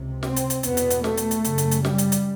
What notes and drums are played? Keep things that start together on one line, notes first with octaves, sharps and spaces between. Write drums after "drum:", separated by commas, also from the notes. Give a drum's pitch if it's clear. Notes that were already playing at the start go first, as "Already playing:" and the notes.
Already playing: C#2 C3
C4, drum: snare
drum: hi-hat
drum: hi-hat
E2 B2 B3, drum: hi-hat
drum: hi-hat
drum: hi-hat
A3, drum: snare
drum: hi-hat
drum: hi-hat
F#2 C#3, drum: hi-hat
drum: hi-hat
drum: hi-hat
G3, drum: snare
drum: hi-hat
drum: hi-hat